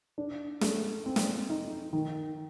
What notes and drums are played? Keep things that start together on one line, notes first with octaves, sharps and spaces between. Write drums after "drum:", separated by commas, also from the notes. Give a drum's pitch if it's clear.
D4
A3, drum: snare
C4
drum: snare
D#4
D#3